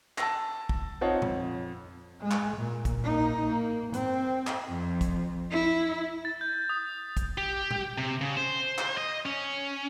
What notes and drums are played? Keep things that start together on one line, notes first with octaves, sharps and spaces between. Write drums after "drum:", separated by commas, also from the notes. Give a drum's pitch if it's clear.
A5 E6 A#6, drum: clap
drum: kick
C4 D#4 F4 C#5 F#5 A5
F2, drum: tom
G#3
drum: clap
A#2
drum: kick, hi-hat
A#3 D#4
A#3
C4, drum: hi-hat
drum: clap
F2
drum: kick, hi-hat
E4
A6
G6
D#6
drum: kick, hi-hat
G4
drum: tom
C3
C#3
C5
drum: clap
D#5
C#4